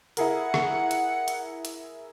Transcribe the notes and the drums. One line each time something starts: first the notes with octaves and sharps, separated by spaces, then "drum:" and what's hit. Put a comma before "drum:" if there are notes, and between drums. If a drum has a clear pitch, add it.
E4 G#4 A#4 F#5, drum: hi-hat
drum: rim click
drum: hi-hat
drum: hi-hat
drum: hi-hat